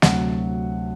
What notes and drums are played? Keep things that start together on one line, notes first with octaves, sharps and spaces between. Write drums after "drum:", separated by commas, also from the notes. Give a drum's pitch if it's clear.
D2 C3 F#3 F#5, drum: snare